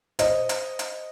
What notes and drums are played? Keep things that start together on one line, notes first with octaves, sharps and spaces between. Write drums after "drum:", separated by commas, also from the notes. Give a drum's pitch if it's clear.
C5 D#5, drum: hi-hat
drum: hi-hat
drum: hi-hat